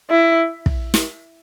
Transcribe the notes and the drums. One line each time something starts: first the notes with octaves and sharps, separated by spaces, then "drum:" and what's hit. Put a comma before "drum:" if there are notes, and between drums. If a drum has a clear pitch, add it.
E4
drum: kick
drum: snare